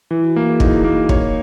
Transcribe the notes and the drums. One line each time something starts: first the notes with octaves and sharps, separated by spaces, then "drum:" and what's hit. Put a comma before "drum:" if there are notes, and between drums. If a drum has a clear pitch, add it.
E3 E4
F#4
A#3 A#4
G#4
D#4 G#4, drum: kick
A#3
A#4 C#5, drum: kick